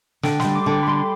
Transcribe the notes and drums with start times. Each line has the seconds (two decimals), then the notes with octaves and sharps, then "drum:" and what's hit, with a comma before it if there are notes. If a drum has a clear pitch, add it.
0.23 D3 G5, drum: snare
0.40 G3 C6, drum: snare
0.55 D6
0.66 D3 D6
0.82 B5
0.87 G3 C6